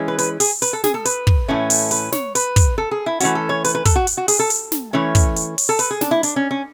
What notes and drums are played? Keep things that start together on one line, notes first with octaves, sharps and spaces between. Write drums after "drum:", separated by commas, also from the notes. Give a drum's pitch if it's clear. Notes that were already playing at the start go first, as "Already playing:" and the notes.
Already playing: E3 G#3 C#4
B4
B4, drum: hi-hat
G#4, drum: open hi-hat
B4, drum: hi-hat
A4
G#4, drum: snare
A4
B4, drum: hi-hat
drum: kick
A2 E3 A3 C#4
drum: open hi-hat
B4, drum: hi-hat
C#5, drum: snare
B4, drum: hi-hat
drum: kick, hi-hat
A4
G#4
E4
E3 A3 C#4 F#4, drum: hi-hat
A4
C#5
B4, drum: hi-hat
B4
A4, drum: kick, hi-hat
F#4
drum: hi-hat
F#4
G#4, drum: open hi-hat
A4
drum: hi-hat
drum: snare
E3 A3 C#4 C#5
drum: kick, hi-hat
drum: hi-hat
drum: open hi-hat
A4
B4, drum: hi-hat
G#4
D4, drum: snare
E4
D4, drum: hi-hat
C#4
C#4